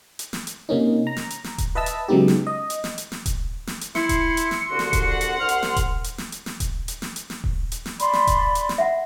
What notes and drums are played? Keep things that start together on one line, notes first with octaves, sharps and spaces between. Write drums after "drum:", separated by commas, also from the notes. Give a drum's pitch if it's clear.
drum: hi-hat
drum: snare
drum: hi-hat
C3 A#3 C#4 D#4
A#5
drum: snare
drum: hi-hat
drum: snare
drum: kick D#1, hi-hat
B4 D#5 E5 A5 E6
drum: hi-hat
C#3 F#3 G#3 B3 D#4 G4
drum: snare
D#5
drum: hi-hat
drum: snare
drum: hi-hat
drum: snare
drum: kick D#1, hi-hat
drum: snare
drum: hi-hat
E4 C6 C#7, drum: snare
drum: kick D#1, hi-hat
drum: hi-hat
drum: snare
C2 D3 F#4
drum: snare
drum: kick D#1, hi-hat
F#5
drum: hi-hat
C2 F6
drum: hi-hat
drum: snare
drum: kick D#1, hi-hat
drum: hi-hat
drum: snare
drum: hi-hat
drum: snare
drum: kick D#1, hi-hat
drum: hi-hat
drum: snare
drum: hi-hat
drum: snare
drum: kick D#1
drum: hi-hat
drum: snare
D5 B5 C6, drum: hi-hat
drum: snare
drum: kick D#1, hi-hat
drum: hi-hat
drum: snare
E5 F#5